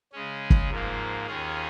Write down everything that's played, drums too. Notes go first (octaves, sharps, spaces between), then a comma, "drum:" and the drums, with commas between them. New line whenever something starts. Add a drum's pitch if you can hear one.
C#3 G#3 C#4
drum: kick
G#2 F3 A#3
D#2 D#3 C#4 F4 G#4